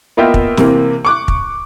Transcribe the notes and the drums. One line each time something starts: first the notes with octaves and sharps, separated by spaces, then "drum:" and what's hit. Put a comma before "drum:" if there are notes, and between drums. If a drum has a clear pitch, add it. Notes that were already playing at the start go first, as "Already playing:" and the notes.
A#3 B3 F4 D#5 E5 G5
drum: kick
C3 E3 A#3 C4, drum: snare
C#6 D6 F#6
drum: kick